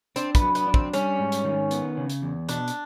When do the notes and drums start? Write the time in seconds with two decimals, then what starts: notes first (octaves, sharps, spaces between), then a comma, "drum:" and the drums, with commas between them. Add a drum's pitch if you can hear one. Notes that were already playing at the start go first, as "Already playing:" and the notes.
0.16 C4 D4, drum: hi-hat
0.35 B3, drum: kick, hi-hat
0.42 F#3
0.55 B3, drum: hi-hat
0.68 D4
0.74 C4, drum: kick
0.93 G3 C#4, drum: hi-hat
1.19 G#2
1.32 drum: hi-hat
1.44 D#3
1.71 B3, drum: hi-hat
1.97 C#3
2.10 drum: hi-hat
2.22 E2
2.49 B2 D4, drum: hi-hat
2.68 drum: hi-hat